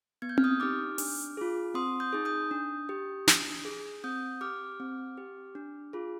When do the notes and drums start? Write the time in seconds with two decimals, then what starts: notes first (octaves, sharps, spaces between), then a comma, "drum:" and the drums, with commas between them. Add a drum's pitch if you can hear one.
0.22 B3 G#6
0.29 G6
0.38 F6, drum: tom C4
0.44 D#6 G6
0.60 D#4 G4 D6 F6
0.98 D4, drum: open hi-hat
1.37 F4 G#4
1.74 C4 C6 D#6
2.00 D#6 G6
2.13 D#4 G#4
2.25 D#6 G6
2.51 D4
2.89 G4
3.27 D4, drum: snare
3.65 G#4
4.04 C4 D#6 G6
4.41 G4 D6 F6
4.80 C4
5.17 G4
5.55 D4
5.93 F4 G#4